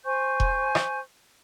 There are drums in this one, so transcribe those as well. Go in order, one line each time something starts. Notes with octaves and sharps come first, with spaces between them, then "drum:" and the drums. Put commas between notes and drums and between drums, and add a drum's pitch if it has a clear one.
C5 G#5 C#6 G6
drum: kick E1
drum: rim click